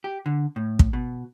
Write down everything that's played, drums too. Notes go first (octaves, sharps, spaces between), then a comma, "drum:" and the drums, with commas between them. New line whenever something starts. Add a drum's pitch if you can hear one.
G4
D3
A2
drum: kick
B2